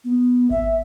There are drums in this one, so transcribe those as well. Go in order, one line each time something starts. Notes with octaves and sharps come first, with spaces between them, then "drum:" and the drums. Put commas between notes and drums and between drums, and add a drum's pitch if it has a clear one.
B3
E5, drum: kick G#1